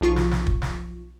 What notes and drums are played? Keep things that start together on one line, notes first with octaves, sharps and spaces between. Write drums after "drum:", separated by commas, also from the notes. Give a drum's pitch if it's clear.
B1 F3 F4 C#6
drum: snare
drum: snare
drum: kick
drum: snare